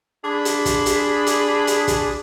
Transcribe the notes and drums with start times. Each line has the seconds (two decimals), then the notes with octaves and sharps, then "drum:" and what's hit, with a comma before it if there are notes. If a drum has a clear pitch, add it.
0.25 D4 G#4 B5
0.45 drum: hi-hat
0.66 drum: kick, hi-hat
0.86 drum: hi-hat
1.27 drum: hi-hat
1.67 drum: hi-hat
1.88 drum: kick, hi-hat